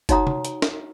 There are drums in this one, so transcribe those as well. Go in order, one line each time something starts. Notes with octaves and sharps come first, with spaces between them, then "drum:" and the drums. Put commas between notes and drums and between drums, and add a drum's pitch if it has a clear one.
D#4 F#4 C#5 F#5 A#5 D#6, drum: kick F#1, hi-hat
drum: tom C3
drum: hi-hat
drum: snare